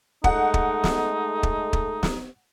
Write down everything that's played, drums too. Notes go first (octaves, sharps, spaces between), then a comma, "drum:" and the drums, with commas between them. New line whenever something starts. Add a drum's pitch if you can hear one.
G#3 A3 D#4 A4 F#5, drum: kick
drum: kick
drum: snare
drum: kick
drum: kick
drum: snare